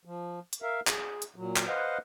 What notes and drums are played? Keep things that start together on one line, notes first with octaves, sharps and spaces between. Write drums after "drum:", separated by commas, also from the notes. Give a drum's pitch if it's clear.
F3
drum: hi-hat
A#4 E5 F5
G#4, drum: clap
drum: hi-hat
A#2 F#3
drum: clap
B4 C5 D#5 F5 F#5